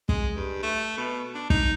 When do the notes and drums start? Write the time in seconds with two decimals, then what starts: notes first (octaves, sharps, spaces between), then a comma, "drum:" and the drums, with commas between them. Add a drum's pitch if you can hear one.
0.09 G#3, drum: kick
0.36 G2
0.63 A3
0.97 B2
1.35 D4
1.50 D#4, drum: kick